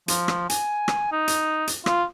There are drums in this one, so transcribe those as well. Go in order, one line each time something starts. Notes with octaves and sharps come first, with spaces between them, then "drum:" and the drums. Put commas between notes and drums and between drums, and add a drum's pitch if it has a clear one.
F3, drum: hi-hat
drum: rim click
G#5, drum: hi-hat
drum: rim click
D#4
drum: hi-hat
drum: hi-hat
F4, drum: rim click